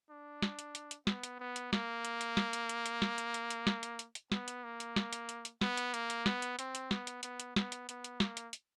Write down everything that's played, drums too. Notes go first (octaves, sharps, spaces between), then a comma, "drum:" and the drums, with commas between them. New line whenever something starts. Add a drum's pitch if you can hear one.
D4
drum: snare
drum: hi-hat
drum: hi-hat
drum: hi-hat
B3, drum: snare
drum: hi-hat
B3
drum: hi-hat
A#3, drum: snare
drum: hi-hat
drum: hi-hat
drum: snare
drum: hi-hat
drum: hi-hat
drum: hi-hat
drum: snare
drum: hi-hat
drum: hi-hat
drum: hi-hat
drum: snare
drum: hi-hat
drum: hi-hat
drum: hi-hat
B3, drum: snare
drum: hi-hat
A#3
drum: hi-hat
drum: snare
drum: hi-hat
drum: hi-hat
drum: hi-hat
B3, drum: snare
drum: hi-hat
A#3, drum: hi-hat
drum: hi-hat
B3, drum: snare
drum: hi-hat
C4, drum: hi-hat
drum: hi-hat
B3, drum: snare
drum: hi-hat
B3, drum: hi-hat
drum: hi-hat
B3, drum: snare
drum: hi-hat
B3, drum: hi-hat
drum: hi-hat
A#3, drum: snare
drum: hi-hat
drum: hi-hat